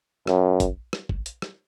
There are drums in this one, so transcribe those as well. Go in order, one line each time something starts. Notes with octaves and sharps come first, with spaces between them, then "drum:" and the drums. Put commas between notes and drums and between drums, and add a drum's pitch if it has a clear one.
F#2, drum: rim click
drum: kick, hi-hat
drum: rim click
drum: kick
drum: hi-hat
drum: rim click